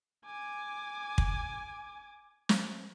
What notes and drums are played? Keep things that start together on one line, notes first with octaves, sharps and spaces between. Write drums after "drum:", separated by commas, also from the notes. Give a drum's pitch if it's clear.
G#5 D6
drum: kick
drum: snare